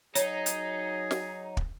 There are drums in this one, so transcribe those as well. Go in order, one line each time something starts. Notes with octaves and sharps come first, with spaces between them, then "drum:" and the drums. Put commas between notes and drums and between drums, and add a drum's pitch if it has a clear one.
F#3 D#4 G#4 C#5, drum: hi-hat
drum: hi-hat
drum: snare
drum: kick